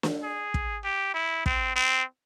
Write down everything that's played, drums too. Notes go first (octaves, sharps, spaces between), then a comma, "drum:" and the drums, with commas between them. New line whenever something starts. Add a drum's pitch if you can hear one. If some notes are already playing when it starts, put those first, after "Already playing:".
drum: snare
G#4
drum: kick
G4
E4
C4, drum: kick
C4